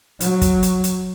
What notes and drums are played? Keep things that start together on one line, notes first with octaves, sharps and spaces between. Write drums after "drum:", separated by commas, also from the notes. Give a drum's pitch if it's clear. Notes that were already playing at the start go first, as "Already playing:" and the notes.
F#3, drum: hi-hat
drum: kick, hi-hat
drum: hi-hat
drum: hi-hat